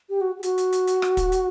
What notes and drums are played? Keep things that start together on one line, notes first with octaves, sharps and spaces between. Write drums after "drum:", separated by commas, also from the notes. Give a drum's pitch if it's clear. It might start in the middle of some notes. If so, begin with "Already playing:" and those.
G4
F#4
G4
F#4, drum: hi-hat
drum: hi-hat
drum: hi-hat
drum: hi-hat
drum: rim click
drum: kick, hi-hat
drum: hi-hat